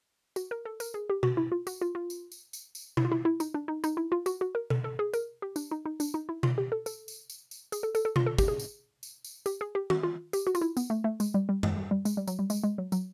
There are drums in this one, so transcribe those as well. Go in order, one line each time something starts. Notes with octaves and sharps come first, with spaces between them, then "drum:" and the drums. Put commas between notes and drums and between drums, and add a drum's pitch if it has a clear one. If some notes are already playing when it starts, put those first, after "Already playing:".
F#4, drum: tambourine
A#4
A4
A#4, drum: tambourine
G#4
G4
F#4, drum: tom B2
E4
F4
F#4, drum: tambourine
F4
F4
drum: tambourine
drum: tambourine
drum: tambourine
drum: tambourine
E4, drum: tom B2
F4
E4
E4
D#4, drum: tambourine
D4
D#4
D#4, drum: tambourine
E4
F4
F#4, drum: tambourine
F#4
A#4
A4, drum: tom B2
A4
G#4
A#4, drum: tambourine
G4
D4, drum: tambourine
D#4
D#4
D4, drum: tambourine
D#4
E4
F4, drum: tom B2
G4
A4
A4, drum: tambourine
drum: tambourine
drum: tambourine
drum: tambourine
G#4, drum: tambourine
A4
A4, drum: tambourine
A4
F4, drum: tom B2
A4
G4, drum: kick, tambourine
G#4
drum: tambourine
drum: tambourine
drum: tambourine
G4, drum: tambourine
G#4
G4
F#4, drum: tom D#3
F4
G4, drum: tambourine
F#4
F4, drum: tambourine
E4
B3, drum: tambourine
A3
A3
G#3, drum: tambourine
G3
G3
G#3, drum: tom F#2
G3
G3
G#3, drum: tambourine
G3
F#3, drum: tambourine
G3
G#3, drum: tambourine
G#3
F#3
F#3, drum: tambourine